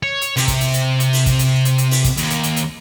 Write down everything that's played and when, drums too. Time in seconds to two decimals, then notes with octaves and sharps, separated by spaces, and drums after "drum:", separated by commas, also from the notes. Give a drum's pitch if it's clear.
0.03 C#5
0.22 drum: hi-hat
0.37 C3, drum: open hi-hat
0.48 drum: kick, hi-hat
0.61 drum: hi-hat
0.74 drum: hi-hat
1.00 drum: hi-hat
1.13 drum: open hi-hat
1.26 drum: kick, hi-hat
1.39 drum: hi-hat
1.65 drum: hi-hat
1.78 drum: hi-hat
1.91 drum: open hi-hat
2.04 drum: kick, hi-hat
2.17 D#2, drum: hi-hat
2.30 drum: hi-hat
2.44 drum: hi-hat
2.57 drum: hi-hat